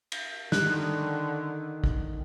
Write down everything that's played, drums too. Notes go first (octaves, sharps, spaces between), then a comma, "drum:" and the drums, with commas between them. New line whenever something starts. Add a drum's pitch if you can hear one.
drum: cymbal
D3 D#3 F#6, drum: snare
drum: kick